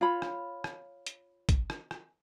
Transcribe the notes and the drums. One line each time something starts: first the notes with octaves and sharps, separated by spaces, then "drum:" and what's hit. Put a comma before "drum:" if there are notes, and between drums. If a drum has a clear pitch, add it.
F4 C#5 B5
drum: rim click
drum: rim click
drum: hi-hat
drum: kick, hi-hat
drum: rim click
drum: rim click